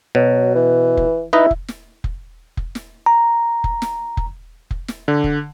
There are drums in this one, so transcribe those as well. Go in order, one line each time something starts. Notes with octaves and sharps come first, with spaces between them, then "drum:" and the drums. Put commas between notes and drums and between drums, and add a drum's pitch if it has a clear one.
B2 F#3
E3
drum: kick F1
D#4 E4 B4 D#5
drum: kick F1
drum: snare
drum: kick F1
drum: kick F1
drum: snare
A#5
drum: kick F1
drum: snare
drum: kick F1
drum: kick F1
drum: snare
D3
drum: kick F1